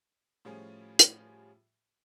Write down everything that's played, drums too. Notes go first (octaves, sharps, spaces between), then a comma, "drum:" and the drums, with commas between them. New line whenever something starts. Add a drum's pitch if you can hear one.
A2 F3 G3 C#4 F4 G#4
drum: hi-hat